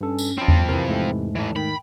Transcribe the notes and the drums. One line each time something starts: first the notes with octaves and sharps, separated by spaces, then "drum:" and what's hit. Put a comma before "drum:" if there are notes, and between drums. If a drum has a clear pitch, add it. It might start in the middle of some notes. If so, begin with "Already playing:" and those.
G2 C#4 A4
drum: tambourine
F3 C4 C#4 A5 B5
drum: tom E2
C3 E3 A#4 G5
G#2 G#3 A3
A2 E3 A5
D#3 G5 B5